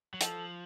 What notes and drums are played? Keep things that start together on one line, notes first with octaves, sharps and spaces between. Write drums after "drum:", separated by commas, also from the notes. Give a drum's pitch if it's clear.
F#3
F3 A4, drum: hi-hat